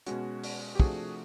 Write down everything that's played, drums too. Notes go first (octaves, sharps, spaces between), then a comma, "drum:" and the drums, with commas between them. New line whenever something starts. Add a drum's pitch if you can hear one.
B2 G#3 C#4 F#4, drum: hi-hat
drum: open hi-hat
G4
C3 F3 A3 D4 F#4 G#4, drum: kick